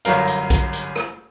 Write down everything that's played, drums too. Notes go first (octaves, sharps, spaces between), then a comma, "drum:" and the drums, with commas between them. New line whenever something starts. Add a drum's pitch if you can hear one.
G1 C2 F#2 F#3 A#4 F5, drum: hi-hat
drum: hi-hat
drum: kick A#1, hi-hat
drum: hi-hat
drum: rim click